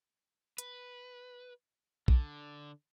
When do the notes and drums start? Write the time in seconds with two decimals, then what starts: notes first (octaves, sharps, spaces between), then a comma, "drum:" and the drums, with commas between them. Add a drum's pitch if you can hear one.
0.58 B4, drum: hi-hat
2.08 D3, drum: kick B1